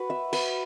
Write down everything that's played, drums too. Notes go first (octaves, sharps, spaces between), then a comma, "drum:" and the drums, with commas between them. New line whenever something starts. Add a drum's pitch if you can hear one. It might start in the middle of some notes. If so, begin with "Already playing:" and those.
Already playing: F#4 B4
E5
B4, drum: cymbal